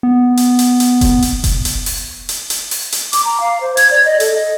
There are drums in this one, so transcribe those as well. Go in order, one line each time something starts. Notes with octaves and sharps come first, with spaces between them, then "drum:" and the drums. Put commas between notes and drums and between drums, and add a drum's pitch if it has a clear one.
B3
drum: hi-hat
drum: hi-hat
drum: hi-hat
drum: kick F1, hi-hat
drum: hi-hat
drum: kick F1, hi-hat
drum: hi-hat
drum: open hi-hat
drum: hi-hat
drum: hi-hat
drum: open hi-hat
drum: hi-hat
D6, drum: hi-hat
A#5
F5
C5
G#6, drum: hi-hat
D5
D#5
A4, drum: hi-hat
D#5